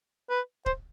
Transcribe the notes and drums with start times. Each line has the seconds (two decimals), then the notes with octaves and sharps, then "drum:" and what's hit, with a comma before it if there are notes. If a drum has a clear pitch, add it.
0.30 B4
0.66 C5, drum: kick D1